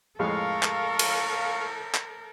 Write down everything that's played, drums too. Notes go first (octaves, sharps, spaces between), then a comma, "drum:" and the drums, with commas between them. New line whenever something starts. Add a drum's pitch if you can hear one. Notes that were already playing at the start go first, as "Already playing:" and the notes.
F2 A2 G#3 A4 A#4 F5 C#6
drum: clap
drum: cymbal
drum: clap